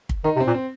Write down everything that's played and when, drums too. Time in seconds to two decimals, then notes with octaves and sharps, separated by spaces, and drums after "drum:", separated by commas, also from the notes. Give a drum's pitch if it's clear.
0.09 drum: kick
0.24 D#3 D#4
0.36 C3
0.40 C4
0.47 A#2
0.54 C4